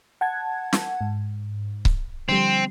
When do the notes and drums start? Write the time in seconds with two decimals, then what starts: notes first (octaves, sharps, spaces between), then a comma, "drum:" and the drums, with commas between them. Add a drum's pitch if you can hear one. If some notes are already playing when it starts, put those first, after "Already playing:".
0.21 F#5 A5 G#6
0.73 drum: snare
1.01 G#2
1.85 drum: kick C#1
2.29 D3 F3 G3 C4